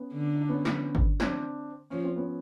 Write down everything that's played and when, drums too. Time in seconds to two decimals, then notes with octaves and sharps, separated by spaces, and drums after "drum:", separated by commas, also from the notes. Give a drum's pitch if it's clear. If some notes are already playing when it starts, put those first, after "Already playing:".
Already playing: B3 C#4
0.13 D3
0.35 D#4
0.42 D4
0.49 B3 C#4
0.65 drum: snare
0.95 drum: kick
1.20 C4 D4, drum: snare
1.90 F3 C#4
2.04 C4
2.16 B3 C#4